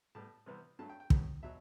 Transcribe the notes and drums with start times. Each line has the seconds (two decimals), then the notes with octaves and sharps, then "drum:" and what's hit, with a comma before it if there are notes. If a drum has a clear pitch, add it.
0.15 A2 G3 B3 A5
0.46 C3 E3 G3 B3
0.79 G2 F#3 A3 A5
0.90 G5
1.00 G5
1.10 A2 F#3 B3, drum: kick
1.43 B2 F#3 E5